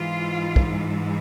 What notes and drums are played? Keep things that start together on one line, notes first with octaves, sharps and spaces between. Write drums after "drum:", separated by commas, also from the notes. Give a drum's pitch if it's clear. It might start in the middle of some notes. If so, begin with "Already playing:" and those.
Already playing: G#2 E3 F4
drum: kick